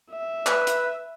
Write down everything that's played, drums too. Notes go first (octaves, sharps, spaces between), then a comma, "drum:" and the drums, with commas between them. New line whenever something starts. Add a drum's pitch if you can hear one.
E5
B4, drum: clap
drum: hi-hat